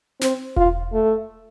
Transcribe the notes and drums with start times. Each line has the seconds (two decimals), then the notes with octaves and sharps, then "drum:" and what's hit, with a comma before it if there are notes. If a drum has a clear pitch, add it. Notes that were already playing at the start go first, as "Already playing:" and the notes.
0.21 C4, drum: snare
0.57 F4, drum: kick E1
0.93 A3